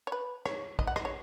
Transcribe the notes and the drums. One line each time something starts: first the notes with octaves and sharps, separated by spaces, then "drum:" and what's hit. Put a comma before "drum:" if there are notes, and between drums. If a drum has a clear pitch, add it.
C#5
B4
C#5, drum: rim click
D#5, drum: kick A#1
F#5
D#5, drum: rim click
C#5